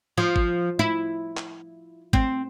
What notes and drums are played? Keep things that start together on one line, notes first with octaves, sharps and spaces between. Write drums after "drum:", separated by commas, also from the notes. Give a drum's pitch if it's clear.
F3
drum: kick G#1
E4
drum: clap
C4, drum: kick G#1